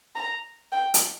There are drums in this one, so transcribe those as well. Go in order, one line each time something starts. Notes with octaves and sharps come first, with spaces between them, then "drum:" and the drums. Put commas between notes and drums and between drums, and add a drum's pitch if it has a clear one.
A#5
G5
drum: hi-hat